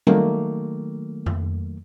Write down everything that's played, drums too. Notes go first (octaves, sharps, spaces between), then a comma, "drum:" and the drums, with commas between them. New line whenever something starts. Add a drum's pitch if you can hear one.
D#3 F#3 A3 A#3, drum: tom G3
drum: tom F2